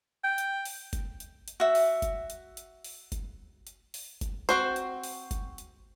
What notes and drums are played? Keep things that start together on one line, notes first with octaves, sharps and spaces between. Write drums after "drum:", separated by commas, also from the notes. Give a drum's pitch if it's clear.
G5
drum: hi-hat
drum: open hi-hat
drum: kick F#1, hi-hat
drum: hi-hat
drum: hi-hat
F#4 E5
drum: open hi-hat
drum: kick F#1, hi-hat
drum: hi-hat
drum: hi-hat
drum: open hi-hat
drum: kick F#1, hi-hat
drum: hi-hat
drum: open hi-hat
drum: kick F#1, hi-hat
C4 F#4 C5, drum: hi-hat
drum: hi-hat
drum: open hi-hat
drum: kick F#1, hi-hat
drum: hi-hat